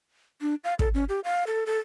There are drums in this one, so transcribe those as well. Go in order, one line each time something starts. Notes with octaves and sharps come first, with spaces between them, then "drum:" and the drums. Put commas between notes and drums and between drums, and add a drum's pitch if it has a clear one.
D4
F5
A4, drum: kick
C#4
G4
F5
A4
A4